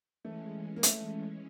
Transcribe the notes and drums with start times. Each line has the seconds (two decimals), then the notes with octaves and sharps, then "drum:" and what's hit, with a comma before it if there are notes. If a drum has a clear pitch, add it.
0.24 E3 G#3 A3 C#4
0.76 A#3
0.83 A3, drum: hi-hat